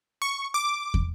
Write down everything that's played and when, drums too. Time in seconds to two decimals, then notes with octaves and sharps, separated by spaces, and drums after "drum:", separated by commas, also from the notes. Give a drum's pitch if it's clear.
0.22 C#6
0.54 D6
0.94 drum: kick